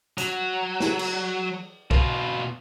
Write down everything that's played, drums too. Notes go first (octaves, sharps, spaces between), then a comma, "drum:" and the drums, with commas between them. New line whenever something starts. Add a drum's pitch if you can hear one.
F#3, drum: hi-hat
drum: snare
drum: cymbal
B2 F4, drum: kick